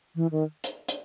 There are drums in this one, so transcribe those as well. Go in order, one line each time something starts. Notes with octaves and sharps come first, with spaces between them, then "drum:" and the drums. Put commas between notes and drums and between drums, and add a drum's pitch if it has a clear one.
E3
D#3
drum: hi-hat
drum: hi-hat